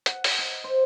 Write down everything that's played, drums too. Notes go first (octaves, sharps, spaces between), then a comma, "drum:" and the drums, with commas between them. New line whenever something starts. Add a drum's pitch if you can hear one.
F#5, drum: hi-hat
drum: open hi-hat
D#5
C5